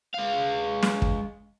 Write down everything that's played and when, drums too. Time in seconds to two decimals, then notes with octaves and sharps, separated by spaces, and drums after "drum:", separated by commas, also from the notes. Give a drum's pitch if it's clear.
0.14 G#3 F5
0.83 drum: snare
1.02 drum: kick